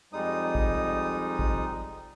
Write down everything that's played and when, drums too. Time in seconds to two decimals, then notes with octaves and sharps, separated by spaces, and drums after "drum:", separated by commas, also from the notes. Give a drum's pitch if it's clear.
0.13 F2 G3 G#3 D#4 D#6
0.55 drum: kick
1.39 drum: kick